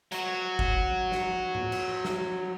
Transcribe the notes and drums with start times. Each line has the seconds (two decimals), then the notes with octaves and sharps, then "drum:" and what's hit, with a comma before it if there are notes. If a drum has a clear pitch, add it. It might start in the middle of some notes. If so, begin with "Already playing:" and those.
0.12 F#3 F#4, drum: hi-hat
0.59 drum: kick G1
1.12 drum: snare
1.55 drum: tom
1.72 drum: cymbal
2.05 drum: snare